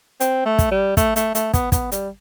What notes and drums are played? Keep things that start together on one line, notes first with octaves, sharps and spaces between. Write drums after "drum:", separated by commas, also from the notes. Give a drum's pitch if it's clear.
C4, drum: hi-hat
A3
drum: kick, hi-hat
G3
A3, drum: kick, hi-hat
A3, drum: hi-hat
A3, drum: hi-hat
B3, drum: kick, hi-hat
B3, drum: kick, hi-hat
G3, drum: hi-hat